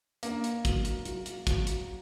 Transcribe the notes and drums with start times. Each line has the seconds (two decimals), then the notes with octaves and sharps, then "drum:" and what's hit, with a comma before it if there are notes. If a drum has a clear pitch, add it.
0.23 A#3 D4, drum: hi-hat
0.44 drum: hi-hat
0.65 F#3, drum: kick, hi-hat
0.85 drum: hi-hat
1.05 F#3, drum: hi-hat
1.26 drum: hi-hat
1.47 F#3, drum: kick, hi-hat
1.67 drum: hi-hat